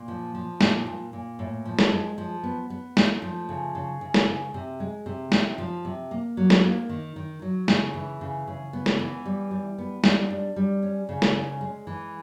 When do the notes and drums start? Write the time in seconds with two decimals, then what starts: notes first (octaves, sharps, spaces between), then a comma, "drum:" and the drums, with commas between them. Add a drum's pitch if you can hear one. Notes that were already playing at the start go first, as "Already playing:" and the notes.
Already playing: A#2
0.08 F3
0.35 F3
0.61 A#2, drum: snare
0.87 A#2
1.13 A#2
1.39 A2
1.65 F3
1.79 drum: snare
1.92 G#3
2.18 F3
2.43 B3
2.70 B3
2.97 A3, drum: snare
3.22 F3
3.49 C#3
3.75 C#3
4.01 C#3
4.14 drum: snare
4.27 C#3
4.54 C3
4.80 G#3
5.06 C3
5.32 C3, drum: snare
5.58 F3
5.85 C3
6.11 A#3
6.37 F#3
6.50 drum: snare
6.64 A#3
6.89 D#3
7.16 D#3
7.42 F#3
7.68 C#3, drum: snare
7.94 E3
8.21 C#3
8.47 C#3
8.73 B3
8.86 drum: snare
8.99 E3
9.25 G3
9.51 G3
9.78 B3
10.04 G3, drum: snare
10.30 D4
10.56 G3
10.83 C#4
11.09 C#3
11.22 drum: snare
11.35 C#4
11.61 G#3
11.87 E3